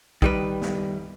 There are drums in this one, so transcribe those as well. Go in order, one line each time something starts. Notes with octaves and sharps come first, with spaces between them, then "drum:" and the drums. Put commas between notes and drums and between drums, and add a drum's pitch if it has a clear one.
D#3 G3 B4, drum: kick
drum: snare